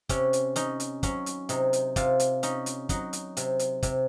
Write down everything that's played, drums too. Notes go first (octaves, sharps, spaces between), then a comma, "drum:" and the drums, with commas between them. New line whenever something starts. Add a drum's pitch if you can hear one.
C3 C#4, drum: kick, hi-hat
drum: hi-hat
C#4 D#4, drum: hi-hat
drum: hi-hat
F#3 C#4, drum: kick, hi-hat
drum: hi-hat
C3 D#4, drum: hi-hat
drum: hi-hat
C3 F4, drum: kick, hi-hat
drum: hi-hat
C#4 D#4, drum: hi-hat
drum: hi-hat
F#3 D#4, drum: kick, hi-hat
drum: hi-hat
C3, drum: hi-hat
drum: hi-hat
C3, drum: kick, hi-hat